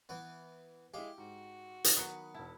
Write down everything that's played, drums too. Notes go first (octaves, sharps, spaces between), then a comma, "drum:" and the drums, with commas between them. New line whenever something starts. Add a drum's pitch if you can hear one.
E3 B3
G#3 E4 G4 F5
G#2 F#4
drum: hi-hat
D#3 F#3 B3 B4 D#6 F#6 C#7
E1 E4 A5